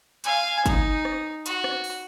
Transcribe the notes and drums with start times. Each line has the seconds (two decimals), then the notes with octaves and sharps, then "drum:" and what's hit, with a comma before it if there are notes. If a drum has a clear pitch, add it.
0.24 F5 G#5, drum: hi-hat
0.66 D#4, drum: kick, hi-hat
1.05 drum: rim click
1.46 F#4, drum: hi-hat
1.64 drum: rim click
1.84 drum: open hi-hat